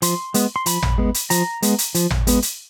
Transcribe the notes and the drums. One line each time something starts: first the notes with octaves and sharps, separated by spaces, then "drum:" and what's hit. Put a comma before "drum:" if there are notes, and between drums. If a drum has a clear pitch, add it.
F3 C6, drum: hi-hat
G#3 B3, drum: hi-hat
C6
F3 B5, drum: hi-hat
drum: tom
G#3 B3
drum: hi-hat
F3 A#5, drum: hi-hat
G#3 B3, drum: hi-hat
drum: hi-hat
F3, drum: hi-hat
drum: tom
G#3 B3, drum: hi-hat
drum: hi-hat